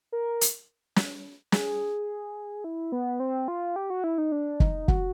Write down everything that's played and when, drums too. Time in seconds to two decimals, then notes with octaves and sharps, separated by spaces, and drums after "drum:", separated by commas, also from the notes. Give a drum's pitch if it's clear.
0.12 A#4
0.41 drum: hi-hat
0.96 drum: snare
1.52 G#4, drum: snare
2.64 E4
2.92 B3
3.20 C4
3.48 F4
3.76 G4
3.90 F#4
4.04 E4
4.18 D#4
4.32 D4
4.60 D#4, drum: kick
4.88 F#4, drum: kick